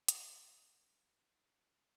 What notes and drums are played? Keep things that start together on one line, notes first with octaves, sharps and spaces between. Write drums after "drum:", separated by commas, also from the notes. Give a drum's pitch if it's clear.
A#4, drum: hi-hat
G#4
F#4
C#4
D#4
C#4